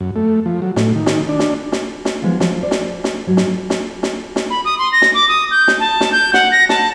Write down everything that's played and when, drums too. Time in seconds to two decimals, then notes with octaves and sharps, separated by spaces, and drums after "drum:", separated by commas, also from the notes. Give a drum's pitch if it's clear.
0.01 F#2
0.16 A3
0.46 F3
0.62 F#3
0.76 A2, drum: snare
0.96 D#3
1.06 drum: snare
1.29 D4
1.39 drum: snare
1.72 drum: snare
2.05 drum: snare
2.22 F3 G#3 B3 D#4 F4
2.40 F3 F4, drum: snare
2.62 C5 D5
2.71 drum: snare
3.04 drum: snare
3.27 G#2 F#3
3.37 drum: snare
3.70 drum: snare
4.03 drum: snare
4.36 drum: snare
4.50 B5
4.65 D#6
4.79 C6
4.93 A#6
5.02 drum: snare
5.14 D6
5.29 D#6
5.51 G6
5.68 drum: snare
5.80 A5
6.01 drum: snare
6.12 G6
6.34 F#5, drum: snare
6.52 A#6
6.69 A5, drum: snare